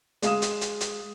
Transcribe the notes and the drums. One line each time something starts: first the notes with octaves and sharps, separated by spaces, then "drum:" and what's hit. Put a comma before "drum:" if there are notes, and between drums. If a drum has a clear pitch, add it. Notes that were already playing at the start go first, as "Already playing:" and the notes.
G#3 F5 D#6 E7, drum: hi-hat
drum: hi-hat
drum: hi-hat
drum: hi-hat